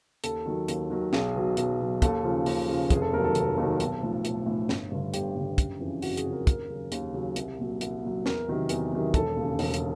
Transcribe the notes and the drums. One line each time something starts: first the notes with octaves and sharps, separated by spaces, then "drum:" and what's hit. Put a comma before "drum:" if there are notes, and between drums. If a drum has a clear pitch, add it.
D#2 A4, drum: hi-hat
D#3 F#3
D#2, drum: hi-hat
D#3 F#3
B1 G#4, drum: snare
B2 F#3
B1, drum: hi-hat
B2 F#3
D#2 A4, drum: kick, hi-hat
C#3 F3
D#2, drum: open hi-hat
C#3 F3
F1 G#4, drum: kick, hi-hat
A4
D#2 D#3 F#3 A#4
A4
F1, drum: hi-hat
D#2 D#3 F#3
B1, drum: hi-hat
A2 F3
B1, drum: hi-hat
A2 F3
G1, drum: snare
G2 D3
G1 G4, drum: hi-hat
G2 D3
F#1, drum: kick, hi-hat
F2 C#3 E3
F#1 F#4, drum: open hi-hat
G#4, drum: hi-hat
F2 C#3 E3
A#4
D#2 A#4, drum: kick, hi-hat
C#3 F#3
D#2, drum: hi-hat
C#3 F#3
C2, drum: hi-hat
A#2 F#3
C2, drum: hi-hat
A#2 F#3
E2 A#4, drum: snare
C3 D#3 F#3
E2, drum: hi-hat
C3 D#3 F#3
E1 A4, drum: kick, hi-hat
D#2 C#3
E1, drum: open hi-hat
drum: hi-hat